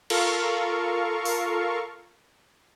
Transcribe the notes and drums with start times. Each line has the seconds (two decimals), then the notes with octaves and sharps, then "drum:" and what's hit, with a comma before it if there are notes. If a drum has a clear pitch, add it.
0.10 F4 A4 A#4 F5 C#6, drum: cymbal
1.25 drum: open hi-hat